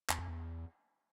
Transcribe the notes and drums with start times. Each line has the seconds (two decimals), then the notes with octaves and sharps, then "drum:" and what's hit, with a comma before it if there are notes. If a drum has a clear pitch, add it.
0.10 E2, drum: clap
0.19 F2
0.28 E2